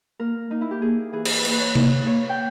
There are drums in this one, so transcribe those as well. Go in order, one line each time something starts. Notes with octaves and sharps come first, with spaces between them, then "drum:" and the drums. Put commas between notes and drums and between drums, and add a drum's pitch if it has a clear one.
A#3 A#4
A#3 D#4
E4
G4
A#3 G#4
E3 G#4
drum: cymbal
B4
A#3, drum: cymbal
B4
C#5
A#3, drum: tom C3
B4
A#3 C#5
G5